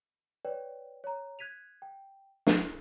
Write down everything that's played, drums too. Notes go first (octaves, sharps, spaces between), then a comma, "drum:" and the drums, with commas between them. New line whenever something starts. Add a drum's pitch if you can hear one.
B4 C#5 D5 G5
C#5 A#5
F#6 G#6 B6 D#7 F7
G5
E4 F4 G#4 A#4 F#6 C7, drum: snare